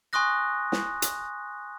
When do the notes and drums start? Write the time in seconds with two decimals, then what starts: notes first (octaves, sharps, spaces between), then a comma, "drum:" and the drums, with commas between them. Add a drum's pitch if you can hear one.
0.13 G#5 C6 C#6 D#6 F#6 A#6
0.72 drum: snare
1.02 drum: hi-hat